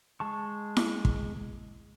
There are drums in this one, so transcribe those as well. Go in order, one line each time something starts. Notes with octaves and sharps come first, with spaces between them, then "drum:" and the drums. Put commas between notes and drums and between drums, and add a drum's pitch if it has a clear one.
G#3 A5 C#6
drum: snare E4
drum: kick